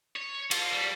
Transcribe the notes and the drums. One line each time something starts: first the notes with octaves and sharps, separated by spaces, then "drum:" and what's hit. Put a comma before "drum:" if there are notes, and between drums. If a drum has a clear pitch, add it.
C#5
F4, drum: cymbal
G3